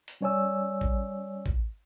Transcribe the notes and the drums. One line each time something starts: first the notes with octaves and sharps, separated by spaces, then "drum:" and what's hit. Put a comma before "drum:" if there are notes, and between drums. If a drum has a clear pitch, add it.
drum: hi-hat
G3 C#4 C#5 D5 G#5 E6
drum: kick
drum: kick